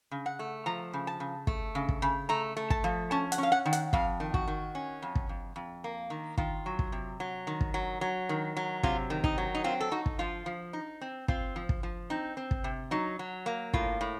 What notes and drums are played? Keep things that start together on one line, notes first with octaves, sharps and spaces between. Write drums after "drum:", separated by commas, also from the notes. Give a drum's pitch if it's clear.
C#3
F#5
A3
F3 A#5
C#3
A5
C#3
A3, drum: kick
C#3
drum: kick
C#3
A3 A#5
A3
A5, drum: kick
F3
C#4 A5
F#5, drum: hi-hat
C#4 F5
F#5
D#3
F#5, drum: hi-hat
F2 F5, drum: kick
D#3
F#4, drum: kick
D#3
C#4
F2
drum: kick
F2
F2
A#3
D#3
D#3 F4, drum: kick
F#3
drum: kick
C3
F#3
D#3
drum: kick
F#3
F#3
D#3
F#3
C3 F4, drum: kick
D#3
D#4, drum: kick
F#3
D#4
C4 F4
A4
D#4 F#4
drum: kick
F3 F4
F3
D#4
C4
C4 F4, drum: kick
F3
drum: kick
F3
C4 D#4
C4
drum: kick
C3
F#3 D#4
F#3
A#3
A2 F4, drum: kick
A2